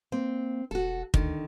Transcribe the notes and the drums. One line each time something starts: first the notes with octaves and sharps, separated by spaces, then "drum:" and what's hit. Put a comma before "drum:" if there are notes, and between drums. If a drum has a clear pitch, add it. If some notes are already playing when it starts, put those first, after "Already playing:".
A#3 C4
E1 F#4 A4
D2 D3 D#3, drum: kick